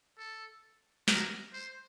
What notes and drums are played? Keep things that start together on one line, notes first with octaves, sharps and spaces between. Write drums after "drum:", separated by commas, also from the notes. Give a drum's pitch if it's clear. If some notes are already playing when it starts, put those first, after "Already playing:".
A4
A#4, drum: snare
C5